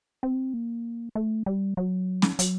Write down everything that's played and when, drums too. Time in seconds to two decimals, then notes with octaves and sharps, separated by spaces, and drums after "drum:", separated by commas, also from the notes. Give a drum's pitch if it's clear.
0.23 C4
0.54 A#3
1.15 A3
1.46 G3
1.77 F#3
2.22 drum: snare
2.39 F#3, drum: hi-hat